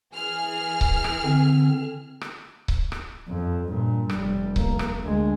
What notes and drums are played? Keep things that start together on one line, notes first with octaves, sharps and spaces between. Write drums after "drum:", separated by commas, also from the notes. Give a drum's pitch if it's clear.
E3 G#4 F6
drum: kick C#1
drum: rim click
D3 C4
drum: rim click
drum: kick C#1
drum: rim click
F2
G2 A#2
F1 G3, drum: rim click
F1 A#3, drum: kick C#1
drum: rim click
D2 G#3